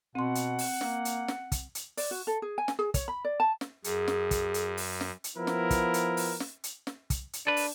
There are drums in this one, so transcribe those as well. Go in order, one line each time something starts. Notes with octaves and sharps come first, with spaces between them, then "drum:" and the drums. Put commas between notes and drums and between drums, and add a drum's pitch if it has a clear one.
B2 C4 F#5 C6
drum: hi-hat
drum: open hi-hat
A#3, drum: snare
drum: hi-hat
drum: snare
drum: kick, hi-hat
drum: hi-hat
D5, drum: open hi-hat
F#4
A4
G#4
G#5
drum: snare
G#4
C#5, drum: kick, hi-hat
B5
D5
A5
drum: snare
F#2 G#4, drum: hi-hat
drum: snare
drum: kick, hi-hat
drum: hi-hat
drum: open hi-hat
drum: snare
drum: hi-hat
F3 B3 E4 A#4
drum: snare
drum: kick, hi-hat
drum: hi-hat
drum: open hi-hat
drum: snare
drum: hi-hat
drum: snare
drum: kick, hi-hat
drum: hi-hat
D4 A4 B4
drum: open hi-hat